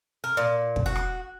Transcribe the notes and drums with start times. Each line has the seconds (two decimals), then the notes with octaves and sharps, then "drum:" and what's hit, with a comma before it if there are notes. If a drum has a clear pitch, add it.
0.24 A#4
0.37 A#2
0.76 drum: kick
0.86 F#4
0.96 drum: rim click